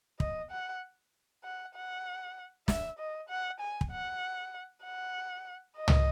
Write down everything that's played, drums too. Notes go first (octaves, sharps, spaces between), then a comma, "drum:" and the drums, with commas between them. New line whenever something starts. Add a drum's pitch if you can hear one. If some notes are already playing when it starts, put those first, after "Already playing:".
D#5, drum: kick
F#5
F#5
F#5
E5, drum: snare
D#5
F#5
G#5
drum: kick
F#5
F#5
D#5
drum: tom